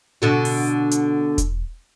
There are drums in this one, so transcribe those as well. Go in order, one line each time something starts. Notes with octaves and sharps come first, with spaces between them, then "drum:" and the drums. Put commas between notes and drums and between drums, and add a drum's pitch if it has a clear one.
B2 D3 F#4
drum: open hi-hat
drum: hi-hat
drum: kick E1, hi-hat